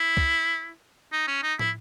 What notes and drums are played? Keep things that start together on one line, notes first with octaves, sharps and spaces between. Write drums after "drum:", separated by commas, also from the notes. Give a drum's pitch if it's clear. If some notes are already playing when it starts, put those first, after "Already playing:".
Already playing: E4
drum: kick
D#4
C#4
D#4
E4, drum: tom